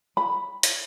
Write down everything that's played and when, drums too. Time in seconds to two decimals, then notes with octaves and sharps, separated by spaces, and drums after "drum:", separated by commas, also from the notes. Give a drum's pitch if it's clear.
0.17 B5
0.63 drum: hi-hat